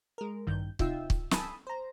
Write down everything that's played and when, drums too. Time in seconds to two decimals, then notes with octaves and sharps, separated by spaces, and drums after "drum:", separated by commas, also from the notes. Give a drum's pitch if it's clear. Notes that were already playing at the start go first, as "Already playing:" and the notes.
0.18 G#3 A#4
0.47 A1 G2 D#3 G6
0.79 C3 D#4 F4 E5 G5 E6, drum: kick
1.10 drum: kick
1.31 G#5 A5 B5 D#6 E6, drum: snare
1.67 C5 A#5